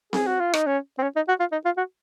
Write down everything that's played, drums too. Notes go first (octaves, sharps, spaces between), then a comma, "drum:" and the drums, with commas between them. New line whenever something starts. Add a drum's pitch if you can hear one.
G#4, drum: snare C4
F#4
F4
D#4, drum: rim click
C#4
C4
C#4
D#4
F#4
F4
D#4
F4
F#4